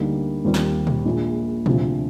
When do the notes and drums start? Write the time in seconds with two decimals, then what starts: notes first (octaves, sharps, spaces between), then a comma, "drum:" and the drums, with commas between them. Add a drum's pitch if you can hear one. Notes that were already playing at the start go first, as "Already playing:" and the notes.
Already playing: D2 D3 G3 A#3 D#4
0.44 D#2 D#3 G3 C4 F4
0.54 drum: snare
0.87 drum: tom A#2
1.06 A#1 A#2 G#3
1.66 D2 C3 F3, drum: tom A#2